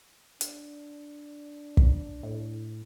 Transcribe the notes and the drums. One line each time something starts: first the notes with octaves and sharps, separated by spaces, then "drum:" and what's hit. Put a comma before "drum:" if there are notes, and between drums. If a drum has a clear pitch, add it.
D4, drum: hi-hat
drum: kick
A2